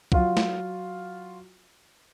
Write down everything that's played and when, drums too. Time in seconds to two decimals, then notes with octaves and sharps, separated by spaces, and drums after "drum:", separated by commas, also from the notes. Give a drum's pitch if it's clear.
0.12 F#3 F4 F#4, drum: kick
0.37 drum: snare